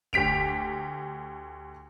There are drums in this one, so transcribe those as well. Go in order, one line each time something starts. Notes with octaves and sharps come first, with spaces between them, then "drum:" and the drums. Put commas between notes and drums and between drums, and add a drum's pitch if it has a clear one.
D2 G4 B6 D7 F7, drum: kick